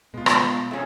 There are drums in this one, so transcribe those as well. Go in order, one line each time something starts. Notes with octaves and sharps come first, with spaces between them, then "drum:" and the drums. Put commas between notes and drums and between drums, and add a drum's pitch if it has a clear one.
B2 G#3 F4
drum: rim click
C3 A3 C#4 F4 G#4